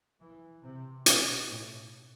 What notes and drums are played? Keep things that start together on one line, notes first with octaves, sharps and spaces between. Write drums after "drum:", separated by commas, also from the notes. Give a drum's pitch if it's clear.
E3
C3
B2, drum: hi-hat
A2